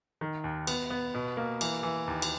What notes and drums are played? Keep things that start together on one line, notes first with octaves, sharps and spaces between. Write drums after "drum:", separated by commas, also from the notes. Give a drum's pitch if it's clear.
D#3
D#2
B3, drum: cymbal
B3
B2
A#3
E3, drum: cymbal
E3
D#2
drum: cymbal